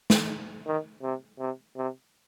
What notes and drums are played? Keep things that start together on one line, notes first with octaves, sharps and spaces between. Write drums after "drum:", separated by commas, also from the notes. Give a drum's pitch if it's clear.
drum: snare
D#3
C3
C3
C3